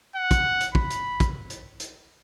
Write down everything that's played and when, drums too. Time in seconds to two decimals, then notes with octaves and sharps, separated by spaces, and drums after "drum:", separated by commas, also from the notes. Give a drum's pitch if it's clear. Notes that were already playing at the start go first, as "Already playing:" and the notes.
0.16 F#5
0.31 drum: kick, hi-hat
0.61 drum: hi-hat
0.75 B5, drum: kick
0.90 drum: hi-hat
1.20 drum: kick, hi-hat
1.50 drum: hi-hat
1.80 drum: hi-hat